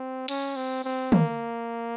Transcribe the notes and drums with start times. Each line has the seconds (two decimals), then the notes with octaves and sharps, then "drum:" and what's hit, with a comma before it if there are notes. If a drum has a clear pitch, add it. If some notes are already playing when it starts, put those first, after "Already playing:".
Already playing: C4
0.28 C#4, drum: cymbal
0.56 C4
0.84 C4
1.12 A#3, drum: tom